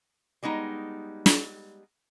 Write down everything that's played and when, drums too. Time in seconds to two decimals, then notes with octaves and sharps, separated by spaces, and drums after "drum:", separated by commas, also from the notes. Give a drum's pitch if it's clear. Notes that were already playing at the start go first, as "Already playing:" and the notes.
0.43 G3 G#3 B3 D#4
1.26 drum: snare